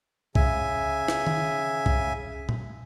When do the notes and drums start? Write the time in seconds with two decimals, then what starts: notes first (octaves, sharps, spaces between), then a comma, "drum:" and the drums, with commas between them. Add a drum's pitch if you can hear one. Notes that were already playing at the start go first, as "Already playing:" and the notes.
0.35 C#3 E5 G#5, drum: kick C2
1.08 drum: snare
1.27 drum: tom D#3
1.86 drum: kick C2
2.49 drum: tom A#2